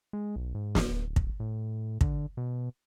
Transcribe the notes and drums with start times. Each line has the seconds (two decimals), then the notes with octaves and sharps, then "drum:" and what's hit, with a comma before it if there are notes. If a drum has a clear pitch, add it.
0.13 G#3
0.36 B1
0.55 G#2
0.75 drum: snare
0.85 D1
1.16 drum: kick
1.40 A2
2.01 D3, drum: kick
2.37 B2